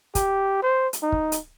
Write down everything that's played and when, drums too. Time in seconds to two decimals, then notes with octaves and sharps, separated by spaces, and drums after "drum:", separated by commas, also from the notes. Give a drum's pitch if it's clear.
0.15 G4, drum: kick, hi-hat
0.62 C5
0.93 drum: hi-hat
1.03 D#4
1.12 drum: kick
1.32 drum: hi-hat